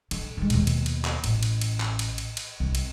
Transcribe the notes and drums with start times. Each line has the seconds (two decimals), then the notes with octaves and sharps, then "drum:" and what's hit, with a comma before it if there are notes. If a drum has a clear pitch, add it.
0.11 D3, drum: cymbal
0.37 D#3 G#3
0.50 D#2 B2, drum: cymbal
0.67 drum: cymbal
0.86 drum: cymbal
1.05 drum: clap
1.24 A1, drum: cymbal
1.43 drum: cymbal
1.61 drum: cymbal
1.80 drum: clap
1.99 drum: cymbal
2.18 drum: cymbal
2.37 drum: cymbal
2.60 C2
2.75 drum: cymbal